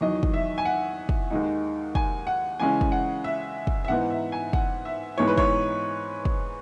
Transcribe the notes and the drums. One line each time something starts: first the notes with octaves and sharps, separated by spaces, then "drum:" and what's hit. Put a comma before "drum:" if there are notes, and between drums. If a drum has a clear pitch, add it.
E2 D#3 F#3 D#5
drum: kick
E5
G#5
F#5
drum: kick
D#2 D#3 G#3 D#4
G#5, drum: kick
F#5
C#3 E3 G#3 C#4 G#5
drum: kick
F#5
E5
drum: kick
E5
G#2 E3 B3 D#4 F#5
E5
G#5
F#5, drum: kick
E5
G#2 E3 G#3 B3 D#4 C#5
B4
C#5, drum: kick
drum: kick